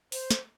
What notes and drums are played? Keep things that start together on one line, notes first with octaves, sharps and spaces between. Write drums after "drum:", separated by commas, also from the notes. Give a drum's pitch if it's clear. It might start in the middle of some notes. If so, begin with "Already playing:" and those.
C5, drum: open hi-hat
drum: snare